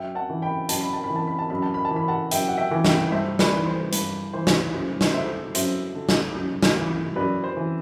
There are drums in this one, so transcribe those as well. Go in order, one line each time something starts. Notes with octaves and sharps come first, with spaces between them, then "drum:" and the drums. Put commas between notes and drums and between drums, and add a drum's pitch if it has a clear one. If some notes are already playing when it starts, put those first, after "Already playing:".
Already playing: F#2 E5 G5
F#5 A5
E3
G5 B5
F#2 A5, drum: hi-hat
B5
A5
B5
E3
A5
B5
A5
F#2 B5
A5
B5
A5
E3
B5
F#5 A5
F#2 E5 G5, drum: hi-hat
F#5
E5 G5
E3
E5 G5, drum: snare
G2 C5 E5
B4 D5, drum: snare
E3
C5
G2 B4, drum: hi-hat
E3 C5
drum: snare
F#2 C5
drum: snare
D3 C5 E5
F#2 C5 E5, drum: hi-hat
D3
drum: snare
F#2
drum: snare
E3
F#2 B4 D5
C5
E3